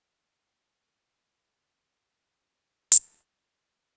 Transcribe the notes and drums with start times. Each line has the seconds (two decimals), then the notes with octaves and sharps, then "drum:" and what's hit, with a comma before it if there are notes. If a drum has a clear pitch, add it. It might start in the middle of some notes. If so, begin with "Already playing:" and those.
Already playing: A3 C4 F4 G#4
1.03 C3 F3 G#3 C4
2.23 C3 E3 G#3 D4
2.92 drum: hi-hat
3.44 F3 G#3 C4